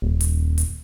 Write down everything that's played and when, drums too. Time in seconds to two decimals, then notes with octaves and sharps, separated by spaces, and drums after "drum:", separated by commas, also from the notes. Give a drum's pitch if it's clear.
0.02 D#1
0.21 drum: hi-hat
0.58 drum: hi-hat